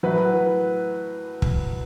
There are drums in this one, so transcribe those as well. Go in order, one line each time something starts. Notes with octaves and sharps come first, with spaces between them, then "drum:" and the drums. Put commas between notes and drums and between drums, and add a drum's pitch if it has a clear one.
A2 F#3 B4
drum: kick